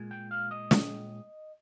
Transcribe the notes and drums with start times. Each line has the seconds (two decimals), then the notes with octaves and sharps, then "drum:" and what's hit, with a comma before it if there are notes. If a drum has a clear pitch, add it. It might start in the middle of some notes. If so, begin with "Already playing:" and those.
Already playing: A#2 G#3
0.11 G5
0.31 F5
0.51 D#5
0.71 drum: snare